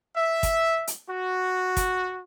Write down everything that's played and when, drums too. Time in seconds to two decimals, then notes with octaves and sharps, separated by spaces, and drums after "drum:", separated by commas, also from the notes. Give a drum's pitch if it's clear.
0.16 E5
0.43 drum: kick, hi-hat
0.87 drum: hi-hat
1.10 F#4
1.77 drum: kick, hi-hat